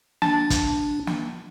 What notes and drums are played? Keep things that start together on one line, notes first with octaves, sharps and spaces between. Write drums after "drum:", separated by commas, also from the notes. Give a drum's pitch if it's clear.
D4 A5, drum: snare
drum: kick, hi-hat
drum: snare